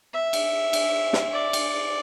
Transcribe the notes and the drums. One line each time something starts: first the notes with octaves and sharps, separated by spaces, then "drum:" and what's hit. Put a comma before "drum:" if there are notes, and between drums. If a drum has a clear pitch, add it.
E5
drum: cymbal
drum: cymbal
drum: snare
D5
drum: cymbal